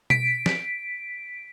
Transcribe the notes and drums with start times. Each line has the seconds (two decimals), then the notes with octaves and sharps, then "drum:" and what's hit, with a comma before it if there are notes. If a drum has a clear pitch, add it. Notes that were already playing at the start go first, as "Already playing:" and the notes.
0.10 B6 D7, drum: tom B2
0.46 drum: snare